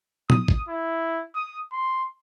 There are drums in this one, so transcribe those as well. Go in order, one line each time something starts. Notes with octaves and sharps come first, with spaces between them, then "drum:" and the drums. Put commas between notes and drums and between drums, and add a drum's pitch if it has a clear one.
D#6, drum: tom
drum: kick
E4
D#6
C6